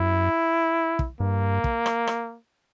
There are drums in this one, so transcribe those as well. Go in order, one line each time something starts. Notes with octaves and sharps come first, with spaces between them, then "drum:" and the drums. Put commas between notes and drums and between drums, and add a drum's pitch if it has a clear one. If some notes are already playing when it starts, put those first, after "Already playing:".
Already playing: F#2 E4
drum: kick
G2 A#3
drum: kick
drum: rim click
drum: rim click